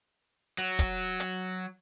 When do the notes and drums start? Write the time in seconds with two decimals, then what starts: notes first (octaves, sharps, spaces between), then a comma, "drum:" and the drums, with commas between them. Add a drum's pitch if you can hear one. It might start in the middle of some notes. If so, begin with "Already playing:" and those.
0.58 F#3
0.79 drum: kick, hi-hat
1.20 drum: hi-hat